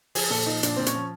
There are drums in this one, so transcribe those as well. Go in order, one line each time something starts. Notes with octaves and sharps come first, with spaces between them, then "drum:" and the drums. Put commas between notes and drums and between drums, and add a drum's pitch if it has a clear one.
F3 G#4, drum: open hi-hat
A#2 A4
F3 D#4
A#2 D4, drum: hi-hat
A#2 C4
C#4, drum: hi-hat
F3